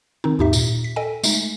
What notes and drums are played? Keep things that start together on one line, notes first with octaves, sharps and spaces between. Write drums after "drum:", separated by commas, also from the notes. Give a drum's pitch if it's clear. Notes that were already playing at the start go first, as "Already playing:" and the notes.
D#3 C4 D#4
D#2 G#2 D#4 G4 E5
A#2, drum: tambourine
B6
A4 D#5 G5 G#5
G#3 A3 D#4, drum: tambourine